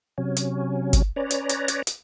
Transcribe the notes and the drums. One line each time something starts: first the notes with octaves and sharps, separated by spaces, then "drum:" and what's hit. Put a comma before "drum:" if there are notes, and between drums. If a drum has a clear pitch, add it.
C3 F#3 C#4
drum: hi-hat
drum: kick G1, hi-hat
C#4 B4 C#5 D5 A#5
drum: hi-hat
drum: hi-hat
drum: hi-hat
drum: hi-hat